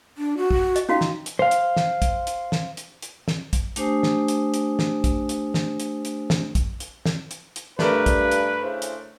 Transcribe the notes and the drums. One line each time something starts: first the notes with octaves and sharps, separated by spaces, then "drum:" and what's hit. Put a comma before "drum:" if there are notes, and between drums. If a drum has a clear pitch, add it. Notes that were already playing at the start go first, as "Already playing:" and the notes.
D4
F#4
drum: kick
D#5, drum: hi-hat
C#4 D#4 F#4 F5
drum: snare
drum: hi-hat
C5 F5
drum: hi-hat
drum: snare
drum: kick, hi-hat
drum: hi-hat
drum: snare
drum: hi-hat
drum: hi-hat
drum: snare
drum: kick, hi-hat
A3 D4 G4 C5 G#5 D#6, drum: hi-hat
drum: snare
drum: hi-hat
drum: hi-hat
drum: snare
drum: kick, hi-hat
drum: hi-hat
drum: snare
drum: hi-hat
drum: hi-hat
drum: snare
drum: kick, hi-hat
drum: hi-hat
drum: snare
drum: hi-hat
drum: hi-hat
G2 A3 D4 A#4 B4, drum: snare
drum: kick, hi-hat
drum: hi-hat
C#3 E4 C5
drum: hi-hat